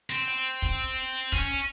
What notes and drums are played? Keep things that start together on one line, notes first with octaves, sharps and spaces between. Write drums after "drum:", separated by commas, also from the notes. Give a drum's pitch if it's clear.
C4
drum: hi-hat
drum: kick, hi-hat
C#4, drum: kick, hi-hat